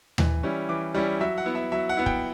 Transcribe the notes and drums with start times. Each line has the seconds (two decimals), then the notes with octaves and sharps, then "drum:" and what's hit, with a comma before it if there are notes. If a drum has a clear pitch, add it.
0.18 E3, drum: tom D#2
0.43 G3 C#4 E4
0.69 E3 D6
0.94 G3 C#4 E4
1.20 F#3 E5
1.38 F#5
1.46 B3 E4
1.55 E5
1.72 F#3 E5
1.89 F#5
1.97 B3 E4
2.06 G5, drum: kick